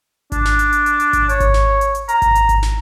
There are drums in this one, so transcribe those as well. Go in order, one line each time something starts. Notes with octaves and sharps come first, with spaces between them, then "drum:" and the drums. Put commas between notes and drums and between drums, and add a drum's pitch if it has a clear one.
D4, drum: kick G#1, hi-hat
drum: snare
drum: hi-hat
drum: hi-hat
drum: hi-hat
drum: hi-hat
drum: kick G#1, hi-hat
C#5, drum: hi-hat
drum: kick G#1, hi-hat
drum: snare
drum: hi-hat
drum: hi-hat
A#5, drum: hi-hat
drum: kick G#1, hi-hat
drum: hi-hat
drum: kick G#1, hi-hat
drum: snare